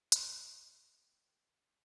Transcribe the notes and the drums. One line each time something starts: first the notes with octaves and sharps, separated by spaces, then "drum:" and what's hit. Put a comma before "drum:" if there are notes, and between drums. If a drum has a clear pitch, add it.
D5, drum: hi-hat
D#5
G5